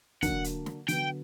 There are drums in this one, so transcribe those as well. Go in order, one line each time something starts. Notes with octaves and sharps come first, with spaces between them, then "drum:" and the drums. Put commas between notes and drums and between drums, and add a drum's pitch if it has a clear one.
D3 F#3 A#3 D4 F#5, drum: kick, hi-hat
drum: hi-hat
drum: snare
D3 F#3 B3 G5, drum: hi-hat